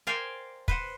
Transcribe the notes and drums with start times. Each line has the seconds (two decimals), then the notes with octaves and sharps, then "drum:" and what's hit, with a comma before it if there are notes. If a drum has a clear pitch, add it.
0.07 A#4 C5 D5 F5 G5 G#5
0.68 B4 C5 F#5, drum: kick